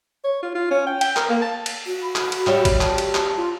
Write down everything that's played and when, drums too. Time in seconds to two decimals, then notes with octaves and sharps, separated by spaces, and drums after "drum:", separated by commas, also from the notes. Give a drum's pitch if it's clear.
0.24 C#5
0.43 F4
0.55 F4
0.71 C#4
0.87 G5
1.01 G5, drum: cymbal
1.16 A#4, drum: clap
1.29 A#3
1.42 A5
1.66 drum: cymbal
1.86 F#4
2.03 B5
2.16 drum: clap
2.32 drum: cymbal
2.47 G3 C#4 E5, drum: clap
2.65 drum: kick G#1, cymbal
2.81 A5, drum: clap
2.98 drum: cymbal
3.15 drum: clap
3.37 F4